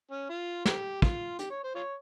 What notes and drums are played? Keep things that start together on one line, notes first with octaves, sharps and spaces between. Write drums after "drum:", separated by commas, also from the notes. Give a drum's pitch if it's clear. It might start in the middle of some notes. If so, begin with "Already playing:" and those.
C#4
F4
G4, drum: snare
F4, drum: kick
G4, drum: hi-hat
C#5
C5
F4 C#5